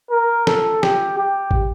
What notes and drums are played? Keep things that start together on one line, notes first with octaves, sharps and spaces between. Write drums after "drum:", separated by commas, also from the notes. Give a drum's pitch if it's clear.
A#4
A4, drum: snare
G4, drum: snare
G4
drum: kick G#1